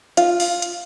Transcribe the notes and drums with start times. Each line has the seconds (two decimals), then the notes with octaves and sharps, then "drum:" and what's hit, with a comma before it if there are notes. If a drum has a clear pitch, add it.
0.17 F4, drum: hi-hat
0.40 drum: open hi-hat
0.62 drum: hi-hat